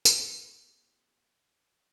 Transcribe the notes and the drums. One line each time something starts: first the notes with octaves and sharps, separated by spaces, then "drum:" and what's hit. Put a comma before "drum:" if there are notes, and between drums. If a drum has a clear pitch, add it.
A#3 C4 E4 F#4 G#4, drum: tambourine